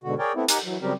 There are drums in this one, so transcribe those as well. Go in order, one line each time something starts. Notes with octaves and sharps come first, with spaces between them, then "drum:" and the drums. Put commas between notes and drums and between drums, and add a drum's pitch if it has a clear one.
G#2 B2 D3 F#4
G#4 A#4 C#5 D5 G5
A3 B3 C4 E4
D#4 G4 A#4 F#5 G#5, drum: hi-hat
E3 F#3
C#3 F#3 G3 C4 G4 A#4